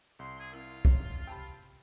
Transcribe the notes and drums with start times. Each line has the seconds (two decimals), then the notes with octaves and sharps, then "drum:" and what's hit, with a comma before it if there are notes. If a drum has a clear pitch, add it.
0.19 C2 C6
0.39 G#4
0.52 C4 E4 F4 A#4
0.85 F#2 C4 C#5, drum: kick
1.27 C3 G4 G5 A5 B5